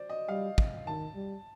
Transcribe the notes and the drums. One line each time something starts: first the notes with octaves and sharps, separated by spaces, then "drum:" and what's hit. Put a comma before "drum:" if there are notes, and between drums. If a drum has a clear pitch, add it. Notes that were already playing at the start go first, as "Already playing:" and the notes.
Already playing: C5 D5
D#5
G3 F5
drum: kick
D#3 A5
G3